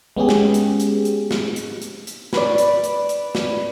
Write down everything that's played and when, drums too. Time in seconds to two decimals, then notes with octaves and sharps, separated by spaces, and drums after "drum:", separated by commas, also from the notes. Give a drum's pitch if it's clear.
0.16 G#3 B3 C#4 G4 G#4
0.29 drum: snare
0.54 drum: hi-hat
0.80 drum: hi-hat
1.05 drum: hi-hat
1.31 drum: snare
1.56 drum: hi-hat
1.82 drum: hi-hat
2.07 drum: hi-hat
2.33 B4 D5, drum: snare
2.58 drum: hi-hat
2.84 drum: hi-hat
3.09 drum: hi-hat
3.35 drum: snare